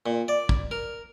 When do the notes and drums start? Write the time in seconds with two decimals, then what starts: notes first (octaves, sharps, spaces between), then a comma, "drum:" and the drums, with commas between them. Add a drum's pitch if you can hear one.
0.06 A#2
0.28 D5
0.49 drum: kick
0.71 A#4